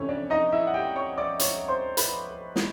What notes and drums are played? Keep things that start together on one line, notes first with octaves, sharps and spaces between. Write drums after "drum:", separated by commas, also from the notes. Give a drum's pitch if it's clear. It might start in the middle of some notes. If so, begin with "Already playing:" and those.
Already playing: F2 C3 E3 A3 C#4 C#5
D4 D5
D#4 D#5
E4 E5
F#5
G4 G5
C#5 C#6
D5 D6
C#5 C#6, drum: hi-hat
C5 C6
B4 B5, drum: hi-hat
drum: snare